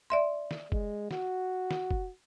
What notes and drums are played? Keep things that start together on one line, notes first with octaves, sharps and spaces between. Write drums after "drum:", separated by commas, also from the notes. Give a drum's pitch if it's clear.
D5 E5 C6
drum: snare
G#3, drum: kick
F#4, drum: snare
drum: snare
drum: kick